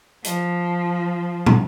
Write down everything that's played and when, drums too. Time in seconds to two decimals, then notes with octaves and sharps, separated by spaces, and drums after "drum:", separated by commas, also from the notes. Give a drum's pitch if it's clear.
0.24 F3, drum: hi-hat
1.46 drum: tom